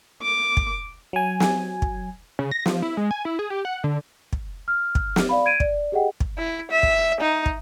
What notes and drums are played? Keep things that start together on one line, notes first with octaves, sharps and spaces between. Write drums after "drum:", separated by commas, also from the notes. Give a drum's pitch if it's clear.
D6
drum: kick
F#3 G#5
drum: snare
drum: kick
C#3
A#6
F3, drum: snare
E4
G#3
G#5
E4
G#4
G4
F#5
D3
drum: kick
F6
drum: kick
drum: snare
D5 F5 B5
G#6 D7 D#7
D5, drum: kick
G4 G#4 D#5 F#5 G5
drum: kick
E4
E5
drum: kick
D#4
drum: kick